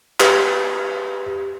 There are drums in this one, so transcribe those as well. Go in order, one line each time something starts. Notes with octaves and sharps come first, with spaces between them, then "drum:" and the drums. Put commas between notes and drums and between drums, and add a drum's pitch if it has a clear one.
G4 B4, drum: clap